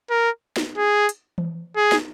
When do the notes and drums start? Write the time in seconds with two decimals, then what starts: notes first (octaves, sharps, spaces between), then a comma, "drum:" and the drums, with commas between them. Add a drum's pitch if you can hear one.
0.10 A#4
0.56 drum: snare
0.77 G#4
1.09 drum: hi-hat
1.38 drum: tom E3
1.76 G#4
1.92 drum: snare